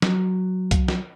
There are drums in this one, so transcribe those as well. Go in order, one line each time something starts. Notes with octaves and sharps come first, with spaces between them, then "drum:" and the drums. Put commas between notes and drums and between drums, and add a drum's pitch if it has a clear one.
F#3, drum: snare
drum: kick, hi-hat
drum: snare